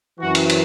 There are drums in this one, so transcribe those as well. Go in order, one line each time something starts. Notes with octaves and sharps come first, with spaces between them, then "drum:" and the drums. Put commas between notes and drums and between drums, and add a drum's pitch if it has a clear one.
F#2 E3 F#4
drum: cymbal
drum: cymbal